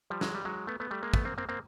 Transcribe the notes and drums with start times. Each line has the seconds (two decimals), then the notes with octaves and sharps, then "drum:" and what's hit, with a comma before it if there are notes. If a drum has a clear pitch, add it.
0.10 F3 G3
0.21 F#3 G#3, drum: snare
0.35 G3
0.45 F#3 G#3
0.67 A3 B3
0.80 A3 B3
0.91 G3 A3
1.03 G#3 A#3
1.14 A3 B3, drum: kick
1.25 A#3 C4
1.38 A#3 C4
1.49 A#3 C4